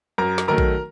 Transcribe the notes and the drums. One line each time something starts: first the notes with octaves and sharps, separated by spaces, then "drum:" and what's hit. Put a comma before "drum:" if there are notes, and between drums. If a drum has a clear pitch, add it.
F#2 A#4 A#5
drum: snare
D#3 F#3 A3 A#4 A#5
drum: kick A#1